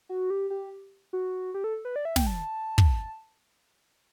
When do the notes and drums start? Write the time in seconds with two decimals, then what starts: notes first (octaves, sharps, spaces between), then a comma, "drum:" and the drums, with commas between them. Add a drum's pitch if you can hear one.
0.09 F#4
0.30 G4
0.50 G4
1.13 F#4
1.54 G4
1.64 A4
1.85 B4
1.96 D5
2.05 E5
2.16 G5, drum: snare
2.27 A5
2.78 drum: kick